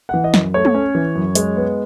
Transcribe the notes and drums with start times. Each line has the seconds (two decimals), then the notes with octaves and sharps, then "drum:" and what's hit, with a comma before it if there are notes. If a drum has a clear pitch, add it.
0.09 E3 F#5
0.24 D#5
0.34 F#2, drum: snare
0.54 A3 C#5
0.65 drum: tom
0.75 C#4
0.95 E3
1.15 F#2
1.35 G#3, drum: hi-hat
1.56 B3